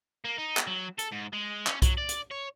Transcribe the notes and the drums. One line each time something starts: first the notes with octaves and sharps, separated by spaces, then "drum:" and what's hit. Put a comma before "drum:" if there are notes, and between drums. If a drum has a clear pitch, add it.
A#3
D#4
drum: clap
F#3
A4, drum: hi-hat
G#2
G#3
C#4, drum: clap
F#3, drum: kick B1, hi-hat
D5
drum: hi-hat
C#5